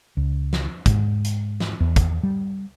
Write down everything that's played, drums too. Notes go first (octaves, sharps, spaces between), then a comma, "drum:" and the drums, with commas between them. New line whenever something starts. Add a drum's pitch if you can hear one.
C#2
drum: snare
G#2, drum: kick, hi-hat
drum: hi-hat
drum: snare
E2
drum: kick, hi-hat
G3